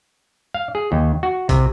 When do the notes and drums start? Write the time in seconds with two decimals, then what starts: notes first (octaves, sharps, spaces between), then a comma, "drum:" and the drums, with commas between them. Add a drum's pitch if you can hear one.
0.54 F5
0.75 G#4
0.92 D#2
1.23 F#4
1.49 C3, drum: kick A#1, hi-hat